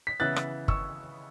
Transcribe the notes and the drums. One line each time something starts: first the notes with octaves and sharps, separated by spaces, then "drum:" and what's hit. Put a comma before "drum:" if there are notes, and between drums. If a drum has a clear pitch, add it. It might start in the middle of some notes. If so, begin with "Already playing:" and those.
B6
C#3 E3 B3 E4 F#6 A6
drum: rim click
C#6 E6, drum: kick